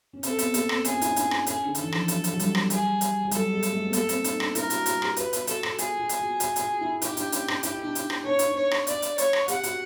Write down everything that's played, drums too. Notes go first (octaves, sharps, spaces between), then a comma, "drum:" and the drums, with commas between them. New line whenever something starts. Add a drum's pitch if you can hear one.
C#4
C4 A4, drum: hi-hat
B3, drum: hi-hat
A#3, drum: hi-hat
C4, drum: rim click
C#4 G#4, drum: hi-hat
F4
E4, drum: hi-hat
D#4
D4, drum: hi-hat
drum: rim click
C#4 G#4, drum: hi-hat
D3
D#3 A4, drum: hi-hat
E3
F3, drum: rim click
F#3, drum: hi-hat
drum: hi-hat
F#3
G3, drum: hi-hat
drum: rim click
G#4, drum: hi-hat
drum: hi-hat
F#3
G3 A4, drum: hi-hat
G#3
drum: hi-hat
A3
B3
A#3 A4, drum: hi-hat
C4, drum: hi-hat
D#4, drum: hi-hat
D4, drum: rim click
E4 A#4, drum: hi-hat
F#4, drum: hi-hat
F#4, drum: hi-hat
G4, drum: rim click
F#4 B4, drum: hi-hat
F4, drum: hi-hat
F#4 A4, drum: hi-hat
F#4, drum: rim click
F4 G#4, drum: hi-hat
F4
drum: hi-hat
F#4
F#4, drum: hi-hat
F#4, drum: hi-hat
F4
E4
D#4 G4, drum: hi-hat
D4, drum: hi-hat
C#4, drum: hi-hat
D4, drum: rim click
E4 G4, drum: hi-hat
D#4
D4
D#4, drum: hi-hat
drum: rim click
D4 C#5
D#4, drum: hi-hat
D4 C#5
drum: rim click
D5, drum: hi-hat
drum: hi-hat
C#5, drum: hi-hat
drum: rim click
G4 F#5, drum: hi-hat
F#4, drum: hi-hat